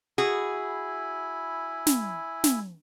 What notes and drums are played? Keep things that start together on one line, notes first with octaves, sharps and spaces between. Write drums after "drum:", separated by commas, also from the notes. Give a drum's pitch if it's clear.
E4 F#4 G#4 G#5 B5
drum: snare
drum: snare